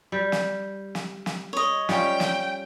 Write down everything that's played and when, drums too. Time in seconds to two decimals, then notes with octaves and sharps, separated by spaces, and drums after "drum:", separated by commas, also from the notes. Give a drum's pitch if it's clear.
0.12 G3
0.32 drum: snare
0.95 drum: snare
1.26 drum: snare
1.53 C#5 D#5
1.89 G3 C#4 F4 G5, drum: snare
2.20 drum: snare